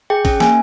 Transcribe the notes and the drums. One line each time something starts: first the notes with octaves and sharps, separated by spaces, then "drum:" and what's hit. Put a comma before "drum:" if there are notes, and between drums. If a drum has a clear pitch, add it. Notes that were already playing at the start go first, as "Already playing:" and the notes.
G#4 G5
C#4, drum: kick A#1, open hi-hat
A#3 G#5, drum: snare